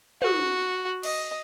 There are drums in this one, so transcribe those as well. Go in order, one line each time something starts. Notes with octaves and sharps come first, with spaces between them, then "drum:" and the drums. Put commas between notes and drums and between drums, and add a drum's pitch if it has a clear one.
F#4, drum: tom
D#5, drum: cymbal